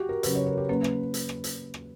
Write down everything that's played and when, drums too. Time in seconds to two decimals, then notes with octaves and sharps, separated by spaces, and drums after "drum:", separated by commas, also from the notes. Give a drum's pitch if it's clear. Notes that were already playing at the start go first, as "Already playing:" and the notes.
Already playing: F#4 G4
0.09 A#4
0.23 C#3 F#3 C#4 B4, drum: hi-hat
0.35 C#5
0.46 A#4
0.57 G4
0.69 F#3 A#3 C#4 B4
0.84 B4, drum: rim click
1.14 drum: hi-hat
1.29 drum: rim click
1.44 drum: hi-hat
1.74 drum: rim click